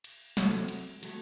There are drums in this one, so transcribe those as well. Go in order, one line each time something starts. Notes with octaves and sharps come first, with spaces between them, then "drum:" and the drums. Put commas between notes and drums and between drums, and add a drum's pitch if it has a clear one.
drum: cymbal
C3 F#3 A3, drum: snare
drum: cymbal
F#3 A3, drum: cymbal